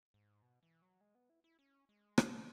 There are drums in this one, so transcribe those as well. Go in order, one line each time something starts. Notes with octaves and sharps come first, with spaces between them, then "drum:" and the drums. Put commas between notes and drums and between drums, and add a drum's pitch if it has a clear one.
G#2
B2
E3
F#3
G#3
B3
E4
E4
C#4
G#3
F#3, drum: rim click